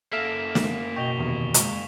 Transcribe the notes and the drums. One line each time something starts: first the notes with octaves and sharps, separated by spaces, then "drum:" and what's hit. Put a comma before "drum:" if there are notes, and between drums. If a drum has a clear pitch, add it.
F#2 A#3 A4 E5 F6 B6 E7
drum: snare
B2 D#5 G5 C#6 F7 G7
E2 C3 D#3
G#3, drum: hi-hat